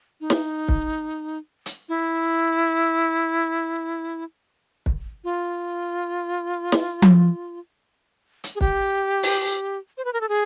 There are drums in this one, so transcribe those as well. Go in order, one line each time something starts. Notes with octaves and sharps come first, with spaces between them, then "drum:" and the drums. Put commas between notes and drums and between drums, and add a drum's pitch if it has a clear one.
D#4
drum: snare
drum: kick
drum: hi-hat
E4
drum: kick
F4
drum: snare
drum: tom F3
drum: hi-hat
G#4
G4, drum: kick
drum: open hi-hat
C5
B4
A#4
A4
G#4